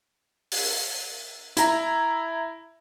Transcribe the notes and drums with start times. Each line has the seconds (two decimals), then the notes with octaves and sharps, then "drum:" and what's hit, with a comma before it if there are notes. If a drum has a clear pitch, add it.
0.51 drum: open hi-hat
1.57 E4 A#5, drum: hi-hat